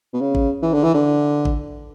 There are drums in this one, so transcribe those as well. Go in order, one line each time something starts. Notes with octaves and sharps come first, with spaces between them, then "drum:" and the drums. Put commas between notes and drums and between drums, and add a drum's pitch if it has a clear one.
B2
C#3
drum: kick G#1
E3
D3
E3
D3
drum: kick G#1